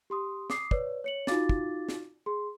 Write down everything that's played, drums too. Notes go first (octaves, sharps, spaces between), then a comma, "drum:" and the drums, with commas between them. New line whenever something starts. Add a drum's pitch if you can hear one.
G4 C6 D#6
D6 D#6 C7, drum: snare
B4 C#5 D5, drum: kick
C#5 C#7 F#7
D#4 F4 F#4 F5 D6 A6, drum: snare
drum: kick
drum: snare
G#4 C6